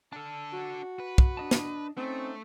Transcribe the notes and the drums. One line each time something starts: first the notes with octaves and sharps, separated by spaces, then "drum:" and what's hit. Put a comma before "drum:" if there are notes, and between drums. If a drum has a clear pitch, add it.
D4 A4 A5 F6
F#4
B4
drum: kick
D4 D#5 A5
drum: snare
A3 C4 C#4 D#4